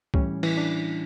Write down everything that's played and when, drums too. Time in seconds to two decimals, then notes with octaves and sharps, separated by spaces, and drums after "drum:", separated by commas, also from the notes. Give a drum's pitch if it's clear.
0.14 A2 E3 G3 C#4, drum: kick C2
0.43 E3 E4, drum: cymbal
0.57 D4